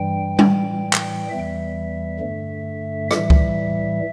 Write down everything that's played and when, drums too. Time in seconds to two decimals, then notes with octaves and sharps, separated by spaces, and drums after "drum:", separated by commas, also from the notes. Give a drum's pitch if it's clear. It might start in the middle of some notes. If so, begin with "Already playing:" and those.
Already playing: G2 E3 G3 G5
0.39 A2 E3 G3, drum: tom G3
0.93 drum: clap
1.30 E2 E3 G3 E5
2.20 G2 D3 A3
3.11 A2 E3 G3 E5, drum: rim click
3.30 drum: kick C#2